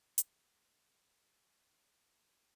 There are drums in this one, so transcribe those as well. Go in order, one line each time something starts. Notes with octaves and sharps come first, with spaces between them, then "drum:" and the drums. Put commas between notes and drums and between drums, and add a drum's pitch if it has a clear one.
G#3, drum: hi-hat